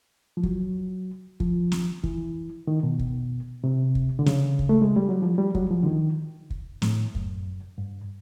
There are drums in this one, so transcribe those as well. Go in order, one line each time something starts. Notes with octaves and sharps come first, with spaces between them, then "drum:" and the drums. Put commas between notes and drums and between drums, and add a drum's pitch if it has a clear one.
F3
F#3, drum: kick
F3, drum: kick
drum: snare
E3, drum: kick
D#3
B2
drum: kick
C3
drum: kick
D3
C#3, drum: snare
drum: kick
A3
G#3
G3
F#3
F3
G3
F#3, drum: kick
F3
D3
D#3
drum: kick
A2, drum: snare
F#2, drum: kick
G2